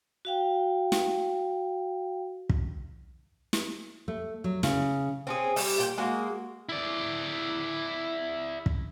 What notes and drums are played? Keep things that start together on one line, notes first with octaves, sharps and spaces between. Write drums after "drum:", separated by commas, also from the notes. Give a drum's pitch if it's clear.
F#4 F5 G5
drum: snare
drum: kick
drum: snare
A3
F#3
C#3, drum: snare
C4 C#4 G#4
G3, drum: open hi-hat
A#2 G5
G#3 A#3 F#4
E4 D5
drum: kick